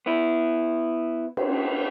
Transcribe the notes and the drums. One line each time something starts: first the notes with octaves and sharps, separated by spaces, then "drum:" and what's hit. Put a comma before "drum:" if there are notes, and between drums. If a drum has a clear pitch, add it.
B3 E4
drum: cymbal